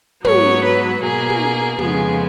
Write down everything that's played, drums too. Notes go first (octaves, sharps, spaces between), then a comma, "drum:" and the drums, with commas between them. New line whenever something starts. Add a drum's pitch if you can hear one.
G#2 F#3 B3 C#5, drum: tom
B4
B2 A#3 G#4
drum: tom
F2 C#3 G#3 B3 G#4, drum: tom